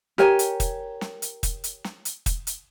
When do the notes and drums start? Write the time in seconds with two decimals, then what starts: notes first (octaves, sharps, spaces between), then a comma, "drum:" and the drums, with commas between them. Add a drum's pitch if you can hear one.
0.18 G4 A#4 C#5 G#5, drum: snare
0.39 drum: hi-hat
0.60 drum: kick, hi-hat
1.01 drum: snare
1.22 drum: hi-hat
1.43 drum: kick, hi-hat
1.64 drum: hi-hat
1.84 drum: snare
2.05 drum: hi-hat
2.26 drum: kick, hi-hat
2.47 drum: hi-hat